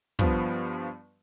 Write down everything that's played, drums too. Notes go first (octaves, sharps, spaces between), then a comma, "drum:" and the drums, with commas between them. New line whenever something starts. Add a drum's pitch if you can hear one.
G2 F3 B3, drum: kick